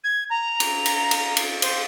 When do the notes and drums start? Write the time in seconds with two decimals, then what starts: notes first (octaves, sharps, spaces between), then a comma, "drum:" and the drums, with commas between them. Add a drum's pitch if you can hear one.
0.04 G#6
0.30 A#5
0.60 drum: cymbal
0.86 drum: cymbal
1.11 drum: cymbal
1.37 drum: cymbal
1.62 C5, drum: cymbal